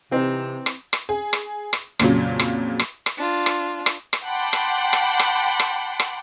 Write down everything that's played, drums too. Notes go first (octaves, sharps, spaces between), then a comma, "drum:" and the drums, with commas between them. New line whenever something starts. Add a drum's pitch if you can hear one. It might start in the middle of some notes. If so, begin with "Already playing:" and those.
C3 E3 C4 D#4
drum: rim click
drum: rim click
G#4
drum: rim click
drum: rim click
F2 A#2 C#3 F#3, drum: rim click
drum: rim click
drum: rim click
drum: rim click
D4 F4
drum: rim click
drum: rim click
drum: rim click
F#5 G5 A5 B5 C6 D6
drum: rim click
drum: rim click
drum: rim click
drum: rim click
drum: rim click